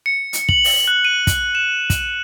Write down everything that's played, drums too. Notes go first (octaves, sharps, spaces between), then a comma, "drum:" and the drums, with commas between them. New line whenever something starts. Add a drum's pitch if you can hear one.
C#7
drum: hi-hat
F#7, drum: kick
drum: open hi-hat
F#6
D#7
drum: kick, hi-hat
E7
drum: kick, hi-hat